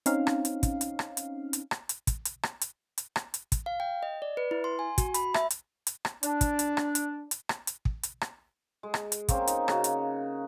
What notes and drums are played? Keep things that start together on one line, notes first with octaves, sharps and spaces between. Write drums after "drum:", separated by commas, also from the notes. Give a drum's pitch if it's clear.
C4 C#4 D#4 F5, drum: hi-hat
drum: rim click
drum: hi-hat
drum: kick, hi-hat
drum: hi-hat
drum: rim click
drum: hi-hat
drum: hi-hat
drum: rim click
drum: hi-hat
drum: kick, hi-hat
drum: hi-hat
drum: rim click
drum: hi-hat
drum: hi-hat
drum: rim click
drum: hi-hat
drum: kick, hi-hat
F5
G5
D#5
D5
B4
E4
C6
G#5
F#4, drum: kick, hi-hat
B5, drum: hi-hat
E5, drum: rim click
drum: hi-hat
drum: hi-hat
drum: rim click
D4, drum: hi-hat
drum: kick, hi-hat
drum: hi-hat
drum: rim click
drum: hi-hat
drum: hi-hat
drum: rim click
drum: hi-hat
drum: kick
drum: hi-hat
drum: rim click
G#3
drum: rim click
drum: hi-hat
A#3 C4 C#4, drum: kick, hi-hat
D#4, drum: hi-hat
C#3 F#4, drum: rim click
drum: hi-hat